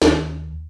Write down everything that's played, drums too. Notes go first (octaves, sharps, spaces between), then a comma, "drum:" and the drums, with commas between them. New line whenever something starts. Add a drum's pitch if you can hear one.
D#2, drum: snare